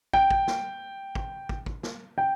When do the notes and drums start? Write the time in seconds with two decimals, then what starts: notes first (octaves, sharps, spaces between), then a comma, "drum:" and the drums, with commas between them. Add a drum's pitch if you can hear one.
0.13 G5, drum: kick
0.31 drum: kick
0.47 drum: snare
1.15 drum: kick
1.49 drum: kick
1.66 drum: kick
1.83 drum: snare
2.18 G5